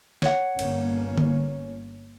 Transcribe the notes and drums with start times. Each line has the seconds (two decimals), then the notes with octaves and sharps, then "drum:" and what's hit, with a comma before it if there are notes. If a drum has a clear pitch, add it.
0.22 C#5 F#5, drum: snare
0.59 G1 A#3 C#4, drum: cymbal
1.18 drum: tom D3